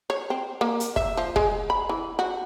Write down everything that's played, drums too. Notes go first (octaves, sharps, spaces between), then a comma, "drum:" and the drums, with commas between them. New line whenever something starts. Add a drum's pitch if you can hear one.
C#5
C4
A#3
drum: hi-hat
E5, drum: kick
F3
G#3, drum: kick
B5
E3
F#4